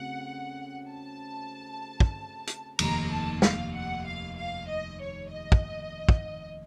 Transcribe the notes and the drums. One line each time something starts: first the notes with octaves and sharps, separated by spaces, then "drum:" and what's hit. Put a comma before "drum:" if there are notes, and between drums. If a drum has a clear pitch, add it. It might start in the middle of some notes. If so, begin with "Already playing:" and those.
Already playing: C#3 A3 C4 F#4 F#5
A5
drum: kick
drum: hi-hat
F1 D#2 D#3 A#3 D#4 A#5, drum: cymbal
A5
F5, drum: snare
F#5
F5
F5
D#5
C#5
D#5
drum: kick
drum: kick